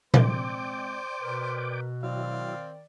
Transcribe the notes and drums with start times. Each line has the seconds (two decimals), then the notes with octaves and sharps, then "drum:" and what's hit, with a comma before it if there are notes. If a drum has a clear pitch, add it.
0.14 G#3 C4 C5 D5 G5 D6, drum: tom A#2
1.21 B2 A#4 B4
2.03 D#3 F#3 C4 E4 D5 F5